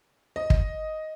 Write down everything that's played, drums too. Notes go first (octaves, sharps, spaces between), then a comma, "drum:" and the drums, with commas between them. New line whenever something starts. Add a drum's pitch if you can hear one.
D#5
drum: kick